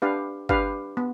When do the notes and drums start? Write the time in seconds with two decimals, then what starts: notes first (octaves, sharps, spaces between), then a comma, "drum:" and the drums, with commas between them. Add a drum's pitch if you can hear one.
0.02 D4 G4 B4 F5
0.49 D4 G4 B4 F5, drum: kick G1
0.97 B3